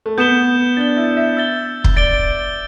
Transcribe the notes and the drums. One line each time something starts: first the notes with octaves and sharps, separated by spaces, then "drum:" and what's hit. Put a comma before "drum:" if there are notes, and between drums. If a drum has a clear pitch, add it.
A3
B3 G6 E7 G7
D4 A6 E7 G7
E4
E5
E6 A6 G7
drum: kick
D5 A6 D7 G7